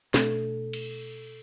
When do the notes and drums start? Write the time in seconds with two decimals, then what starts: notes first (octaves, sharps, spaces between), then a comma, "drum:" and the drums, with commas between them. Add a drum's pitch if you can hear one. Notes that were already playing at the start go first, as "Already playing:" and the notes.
0.14 B2 A3 D4 A4, drum: snare
0.73 drum: cymbal